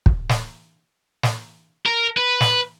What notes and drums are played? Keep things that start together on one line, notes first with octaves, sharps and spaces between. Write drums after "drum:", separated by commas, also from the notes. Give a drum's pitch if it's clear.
drum: kick
drum: snare
drum: snare
A#4
B4
drum: snare